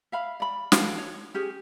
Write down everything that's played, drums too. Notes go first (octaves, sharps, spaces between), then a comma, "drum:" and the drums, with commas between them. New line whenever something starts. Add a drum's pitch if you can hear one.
E5 F5 B5
D5 B5
F#4 A4 F5 G5, drum: snare
C#5
C#4 G4 G#4